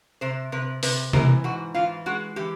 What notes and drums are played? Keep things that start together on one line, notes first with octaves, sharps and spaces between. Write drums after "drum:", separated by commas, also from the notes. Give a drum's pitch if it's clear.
C3 C5
C3 B4
C3 B4, drum: open hi-hat
E3 A#4, drum: tom C3
G#2 F#4
E3 F4
G#3 F#4
E3 G4